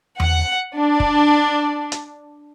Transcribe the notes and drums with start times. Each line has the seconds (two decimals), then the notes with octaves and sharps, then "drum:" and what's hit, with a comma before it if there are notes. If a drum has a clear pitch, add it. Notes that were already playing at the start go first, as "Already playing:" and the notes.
0.20 F#5, drum: tom E2
0.77 D4
1.00 drum: kick
1.92 drum: hi-hat